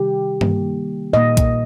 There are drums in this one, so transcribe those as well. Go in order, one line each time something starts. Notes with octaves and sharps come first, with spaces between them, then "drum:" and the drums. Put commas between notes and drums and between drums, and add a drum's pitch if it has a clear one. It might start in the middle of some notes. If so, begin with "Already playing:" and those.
Already playing: C3 D#3 G3 G4
D#3 G3 A#3, drum: tom G2
A#2 A#3 D#5
drum: kick, hi-hat